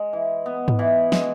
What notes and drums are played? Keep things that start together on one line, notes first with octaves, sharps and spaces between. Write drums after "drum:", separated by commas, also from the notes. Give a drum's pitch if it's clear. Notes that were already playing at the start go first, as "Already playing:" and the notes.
Already playing: G#3
E3
B3
drum: tom G#2
E3
G#3, drum: snare